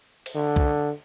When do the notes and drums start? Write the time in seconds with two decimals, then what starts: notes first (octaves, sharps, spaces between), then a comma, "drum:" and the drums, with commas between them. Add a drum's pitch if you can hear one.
0.26 drum: cymbal
0.35 D3
0.56 drum: kick C2